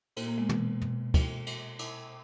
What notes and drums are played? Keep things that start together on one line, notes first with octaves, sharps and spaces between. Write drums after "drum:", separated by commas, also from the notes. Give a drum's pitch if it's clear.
A#2 A#3, drum: cymbal
A#3
G#3 B3
B2, drum: tom
B2, drum: tom
drum: kick, cymbal
drum: cymbal
drum: cymbal